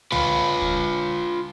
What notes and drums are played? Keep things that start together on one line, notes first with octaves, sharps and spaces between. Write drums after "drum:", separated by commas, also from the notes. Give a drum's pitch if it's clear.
F4 B4, drum: tom
drum: kick